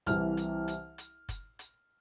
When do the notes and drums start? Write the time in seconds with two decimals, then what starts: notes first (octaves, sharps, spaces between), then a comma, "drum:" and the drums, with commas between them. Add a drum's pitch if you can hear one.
0.06 C2 C3 E3 F6, drum: hi-hat
0.37 drum: hi-hat
0.68 drum: hi-hat
0.98 drum: hi-hat
1.29 drum: kick F#1, hi-hat
1.59 drum: hi-hat